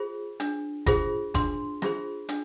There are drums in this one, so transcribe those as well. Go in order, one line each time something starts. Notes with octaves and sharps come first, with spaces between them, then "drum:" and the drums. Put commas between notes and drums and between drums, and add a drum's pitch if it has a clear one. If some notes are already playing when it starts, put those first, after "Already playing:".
Already playing: F4 G#4 C5
D4, drum: hi-hat
F4 G#4 C5, drum: kick F#1, hi-hat
D4 C6, drum: kick F#1, hi-hat
F4 G#4 C5, drum: rim click
D4, drum: hi-hat